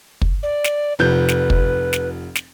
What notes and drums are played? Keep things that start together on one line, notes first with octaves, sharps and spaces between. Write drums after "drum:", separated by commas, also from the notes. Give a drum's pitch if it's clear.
drum: kick
D5
drum: snare
F1 F3 B4 G6
drum: snare
drum: kick
drum: snare
drum: snare